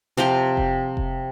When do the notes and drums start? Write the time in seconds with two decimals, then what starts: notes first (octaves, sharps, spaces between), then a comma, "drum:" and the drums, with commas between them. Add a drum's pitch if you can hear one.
0.17 C3 F3 F5 G5
0.57 drum: kick F1
0.97 drum: kick F1